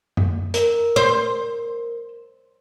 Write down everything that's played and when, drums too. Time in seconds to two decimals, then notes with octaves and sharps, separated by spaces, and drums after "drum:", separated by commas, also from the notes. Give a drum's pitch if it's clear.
0.17 drum: tom F#2
0.54 A#4, drum: hi-hat
0.96 C5